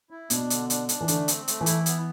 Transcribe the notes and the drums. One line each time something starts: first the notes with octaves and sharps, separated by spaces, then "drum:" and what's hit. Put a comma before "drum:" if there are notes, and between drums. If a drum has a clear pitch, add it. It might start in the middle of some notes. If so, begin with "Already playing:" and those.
E4
B2 D4, drum: hi-hat
D3, drum: hi-hat
D4, drum: hi-hat
D4, drum: hi-hat
E3
D3 A3, drum: hi-hat
C4, drum: hi-hat
A3, drum: hi-hat
E3
E4, drum: hi-hat
B3, drum: hi-hat